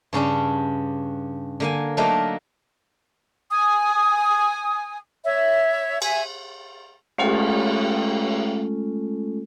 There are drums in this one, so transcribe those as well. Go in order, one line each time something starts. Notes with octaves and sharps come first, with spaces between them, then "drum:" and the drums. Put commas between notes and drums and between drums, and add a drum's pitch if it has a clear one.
G2 C#3 C#4 D4
D3 A#3 G#5
F#3 A3 A#3 D4 D#4 A#4
G#5 D#6
C#5 E5
E5 G#5, drum: cymbal
G#3 A3 C#4 F4 A4, drum: cymbal